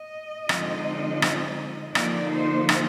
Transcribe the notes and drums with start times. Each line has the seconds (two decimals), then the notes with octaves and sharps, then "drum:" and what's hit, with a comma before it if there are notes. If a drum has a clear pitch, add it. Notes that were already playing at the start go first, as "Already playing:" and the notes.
Already playing: D#5
0.49 D3 F3 G#3 C4 D#4, drum: rim click
1.22 drum: rim click
1.95 D3 F3 A#3 D#4 D5, drum: rim click
2.32 C5
2.69 drum: rim click